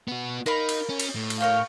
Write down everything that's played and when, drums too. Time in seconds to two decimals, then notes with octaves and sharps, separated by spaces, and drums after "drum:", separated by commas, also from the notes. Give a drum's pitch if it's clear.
0.08 B3 F#4
0.46 D#4 A#4 F5 B5
0.69 drum: cymbal
0.89 C#4
1.00 drum: cymbal
1.15 A2
1.30 drum: cymbal
1.40 A#4 C#5 F5 G5